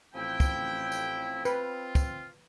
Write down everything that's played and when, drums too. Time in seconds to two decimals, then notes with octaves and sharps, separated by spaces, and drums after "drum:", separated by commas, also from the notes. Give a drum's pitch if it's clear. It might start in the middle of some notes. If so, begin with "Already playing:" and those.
0.14 A1 F3 C4 E4 G5
0.40 drum: kick, tambourine
0.92 drum: tambourine
1.45 C4 F4 B4, drum: tambourine
1.95 drum: kick, tambourine